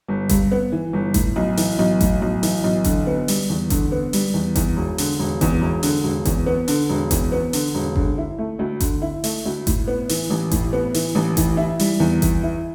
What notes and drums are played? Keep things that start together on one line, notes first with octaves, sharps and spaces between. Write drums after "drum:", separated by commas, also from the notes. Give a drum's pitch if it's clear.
G1
G2, drum: kick G1, hi-hat
B3
E3
G1
A2, drum: kick G1, hi-hat
B1
E3, drum: open hi-hat
B1
A2, drum: kick G1, hi-hat
B1
E3, drum: open hi-hat
B1
D3, drum: kick G1, hi-hat
B3
G3, drum: open hi-hat
E2
D3, drum: kick G1, hi-hat
B3
G3, drum: open hi-hat
E2
E2, drum: kick G1, hi-hat
E1
D3, drum: open hi-hat
E1
E2, drum: kick G1, hi-hat
E1
D3, drum: open hi-hat
E1
E2, drum: kick G1, hi-hat
B3
D3, drum: open hi-hat
E1
E2, drum: kick G1, hi-hat
B3
D3, drum: open hi-hat
E1
D3, drum: kick G1
E4
A3
D2
D3, drum: kick G1, hi-hat
E4
A3, drum: open hi-hat
D2
A2, drum: kick G1, hi-hat
B3
E3, drum: open hi-hat
A1
A2, drum: kick G1, hi-hat
B3
E3, drum: open hi-hat
A1
E3, drum: kick G1, hi-hat
E4
G3, drum: open hi-hat
E2
E3, drum: kick G1, hi-hat
E4